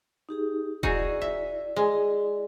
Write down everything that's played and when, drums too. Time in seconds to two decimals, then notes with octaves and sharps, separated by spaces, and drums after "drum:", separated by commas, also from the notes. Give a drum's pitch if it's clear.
0.29 D#4 G4 G#4
0.83 D#4 E4 F#4 G#4 D5, drum: kick E1
1.21 E5
1.76 G#3